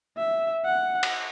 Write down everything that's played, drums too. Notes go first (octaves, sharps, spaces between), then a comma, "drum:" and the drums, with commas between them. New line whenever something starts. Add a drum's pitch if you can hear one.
E5
F#5
drum: cymbal